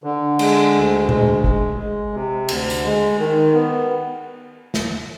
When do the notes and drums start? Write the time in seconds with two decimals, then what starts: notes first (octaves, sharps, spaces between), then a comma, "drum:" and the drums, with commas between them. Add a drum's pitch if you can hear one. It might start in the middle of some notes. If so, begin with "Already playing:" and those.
0.04 D3
0.39 G#3, drum: cymbal
0.74 D2
1.09 G#3, drum: tom A#2
1.44 G#3, drum: kick G#1
1.79 G#3
2.13 C3
2.49 D2, drum: cymbal
2.70 drum: tambourine
2.83 G#3
3.19 D#3
3.53 B3
4.74 drum: snare